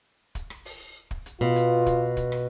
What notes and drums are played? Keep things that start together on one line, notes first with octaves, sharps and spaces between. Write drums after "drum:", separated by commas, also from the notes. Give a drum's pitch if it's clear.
drum: kick, hi-hat
drum: rim click
drum: open hi-hat
drum: kick
drum: hi-hat
B2 F4
drum: hi-hat
drum: kick, hi-hat
drum: kick, hi-hat
drum: rim click